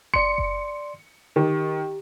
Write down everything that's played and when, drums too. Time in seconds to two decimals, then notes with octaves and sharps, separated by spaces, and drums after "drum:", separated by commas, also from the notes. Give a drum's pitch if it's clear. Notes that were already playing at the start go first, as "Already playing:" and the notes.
0.14 D5 C6 C#7, drum: kick F#1
0.38 drum: kick F#1
1.36 D#3 G4